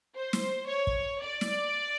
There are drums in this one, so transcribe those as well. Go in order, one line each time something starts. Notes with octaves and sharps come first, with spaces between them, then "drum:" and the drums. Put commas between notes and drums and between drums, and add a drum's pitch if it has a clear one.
C5
drum: snare
C#5
drum: kick
D5
drum: snare